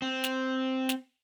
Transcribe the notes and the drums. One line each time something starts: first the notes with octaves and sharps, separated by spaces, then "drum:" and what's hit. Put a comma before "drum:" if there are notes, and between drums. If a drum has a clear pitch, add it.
C4
drum: snare
drum: snare